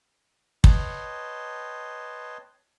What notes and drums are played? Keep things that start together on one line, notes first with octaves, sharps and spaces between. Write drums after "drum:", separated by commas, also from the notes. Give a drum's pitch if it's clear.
B4 C#5 D#5 G5 A5 C6, drum: kick